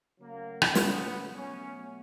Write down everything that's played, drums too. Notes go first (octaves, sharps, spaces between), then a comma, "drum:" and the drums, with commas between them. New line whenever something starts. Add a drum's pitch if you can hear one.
C#3 F#3 A3 A#3
drum: rim click
B3, drum: snare
B2 F#3 A3 C#4